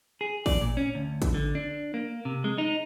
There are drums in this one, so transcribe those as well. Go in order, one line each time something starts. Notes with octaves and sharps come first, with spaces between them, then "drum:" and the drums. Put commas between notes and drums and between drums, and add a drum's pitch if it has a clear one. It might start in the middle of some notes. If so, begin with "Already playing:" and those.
G#4
D5, drum: kick, open hi-hat
A#2
C#4
D2
drum: kick, hi-hat
D3
D4
A#3
C3
G#3
D#4